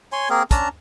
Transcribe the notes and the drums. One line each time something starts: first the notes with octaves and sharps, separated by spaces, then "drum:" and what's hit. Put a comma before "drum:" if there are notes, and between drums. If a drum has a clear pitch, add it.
C#5 G#5 C6
A#3 C4 G#4 A#4
C#4 D4 A5 A#5, drum: kick, hi-hat